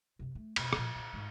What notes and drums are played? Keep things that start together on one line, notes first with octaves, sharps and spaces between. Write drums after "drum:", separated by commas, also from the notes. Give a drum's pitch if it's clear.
F#2 C3
A3
E2 B2, drum: cymbal
A#2 F3, drum: rim click
A#2 D3
G#2 G#3